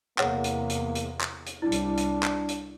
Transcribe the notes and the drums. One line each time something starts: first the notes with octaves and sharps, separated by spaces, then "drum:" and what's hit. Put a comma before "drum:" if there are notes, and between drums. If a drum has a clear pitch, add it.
E2 C3 A#3 G#4 C#5 F#5, drum: clap
drum: hi-hat
drum: hi-hat
drum: hi-hat
drum: clap
drum: hi-hat
C2 G3 D4 E4
drum: hi-hat
drum: hi-hat
drum: clap
drum: hi-hat